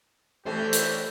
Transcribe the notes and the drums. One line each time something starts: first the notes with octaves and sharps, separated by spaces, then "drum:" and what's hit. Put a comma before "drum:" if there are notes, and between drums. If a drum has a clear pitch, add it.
E3 G3 A3 C#4 G4 A4 C5
drum: hi-hat